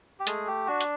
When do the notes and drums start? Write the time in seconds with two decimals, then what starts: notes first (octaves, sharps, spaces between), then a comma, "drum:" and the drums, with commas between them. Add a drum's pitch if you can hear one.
0.20 G4
0.27 G#3 A3 G#4, drum: hi-hat
0.47 G4
0.67 D4 F#4
0.81 drum: hi-hat